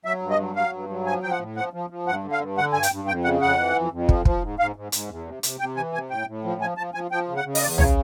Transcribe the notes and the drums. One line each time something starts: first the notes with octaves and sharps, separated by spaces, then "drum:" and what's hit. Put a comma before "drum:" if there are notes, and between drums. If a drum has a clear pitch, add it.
F#3 E5
G2
D#5
F#3
F#3 F5
G2
F#3
F3 G#5
F3 G5
F#5
A2
F3 F#5
F3
F3
G2 F#5
D3
F5
G2
D3 F#5
G2 G#5
G5, drum: hi-hat
G2
F2 G5
C#3 F#5
F2 F#5
E3
F2
F2
F3, drum: kick
F3, drum: kick
G#2
G#2 F5
G#2
G#2, drum: hi-hat
E2
C3
C3, drum: hi-hat
C3 G5
E3 G#5
C3 G#5
A2 G5
A2
F3
F3 G#5
F3 A5
F3 G#5
F3 G5
C#3
F#5
C#3
D#5, drum: open hi-hat
E2 D5
C#3 C#5, drum: tom